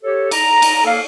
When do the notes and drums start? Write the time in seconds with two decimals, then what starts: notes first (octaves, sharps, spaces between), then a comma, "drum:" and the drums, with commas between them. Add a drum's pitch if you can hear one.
0.03 G4 A4 C#5
0.31 A#5, drum: cymbal
0.62 drum: cymbal
0.85 A#3 A4 F5